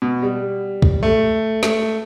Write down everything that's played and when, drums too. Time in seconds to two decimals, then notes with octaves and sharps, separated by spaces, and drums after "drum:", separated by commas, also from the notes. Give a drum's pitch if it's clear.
0.02 B2
0.22 G3
0.82 drum: kick
1.03 A3
1.63 A3, drum: snare